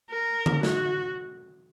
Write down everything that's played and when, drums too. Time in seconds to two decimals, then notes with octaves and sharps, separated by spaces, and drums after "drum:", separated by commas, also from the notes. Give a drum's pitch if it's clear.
0.11 A#4
0.46 drum: tom D3
0.63 F#4, drum: snare